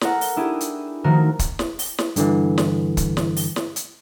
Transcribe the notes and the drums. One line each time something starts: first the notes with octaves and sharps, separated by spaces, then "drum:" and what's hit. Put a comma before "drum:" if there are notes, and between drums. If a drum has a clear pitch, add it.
A4 A#4 F#5, drum: snare
drum: open hi-hat
D4 E4 G4 G#4
drum: hi-hat
D#3 F3 A3 F#4 A#4
drum: kick, hi-hat
drum: snare
drum: open hi-hat
drum: snare
G2 D3 E3, drum: hi-hat
drum: snare
drum: kick, hi-hat
drum: snare
drum: open hi-hat
drum: snare
drum: hi-hat